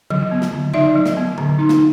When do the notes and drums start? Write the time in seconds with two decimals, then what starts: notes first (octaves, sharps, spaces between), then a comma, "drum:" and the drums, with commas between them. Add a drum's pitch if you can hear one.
0.10 F#3, drum: tom C#3
0.31 B3
0.42 drum: snare
0.53 D3
0.74 D#4 D5 E5, drum: tom C#3
0.95 F#3
1.06 drum: snare
1.17 B3
1.38 D3, drum: tom B2
1.59 D#4
1.69 drum: snare